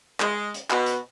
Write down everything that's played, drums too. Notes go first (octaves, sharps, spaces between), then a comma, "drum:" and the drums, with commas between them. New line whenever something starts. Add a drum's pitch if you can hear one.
G#3, drum: clap
drum: hi-hat
B2, drum: clap
drum: hi-hat